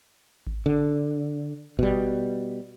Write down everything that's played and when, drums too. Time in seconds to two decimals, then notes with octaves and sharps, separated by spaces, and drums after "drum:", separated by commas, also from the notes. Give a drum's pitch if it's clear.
0.47 drum: kick G#1
0.66 D3
1.79 B2 G3, drum: kick G#1